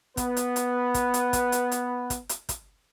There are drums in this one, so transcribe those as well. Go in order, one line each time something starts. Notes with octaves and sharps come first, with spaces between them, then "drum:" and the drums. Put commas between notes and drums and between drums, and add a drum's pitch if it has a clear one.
B3 B4, drum: kick, hi-hat
drum: hi-hat
drum: hi-hat
drum: kick, hi-hat
drum: hi-hat
drum: kick, hi-hat
drum: hi-hat
drum: hi-hat
drum: kick, hi-hat
drum: hi-hat
drum: kick, hi-hat